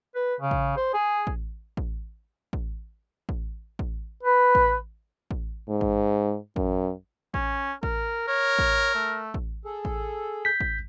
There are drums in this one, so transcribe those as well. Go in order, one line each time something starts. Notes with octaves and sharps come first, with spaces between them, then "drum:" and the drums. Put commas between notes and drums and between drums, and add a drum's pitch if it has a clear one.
B4
C#3
drum: kick A1
C5
G#4
drum: kick A1
drum: kick A1
drum: kick A1
drum: kick A1
drum: kick A1
B4
drum: kick A1
drum: kick A1
G#2
drum: kick A1
F#2, drum: kick A1
C#4, drum: kick A1
A#4, drum: kick A1
A#4 C#5
drum: kick A1
A3
drum: kick A1
G#4 A4
drum: kick A1
G6 B6
drum: kick A1